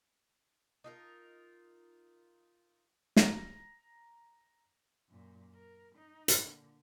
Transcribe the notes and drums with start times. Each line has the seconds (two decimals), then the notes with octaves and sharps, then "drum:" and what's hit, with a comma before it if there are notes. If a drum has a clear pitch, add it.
0.84 D#4 F4 A#4
3.17 A#5 A#6, drum: snare
5.09 F#2 A#2
5.54 A#4
5.95 D#4
6.28 drum: hi-hat
6.40 A#2 D3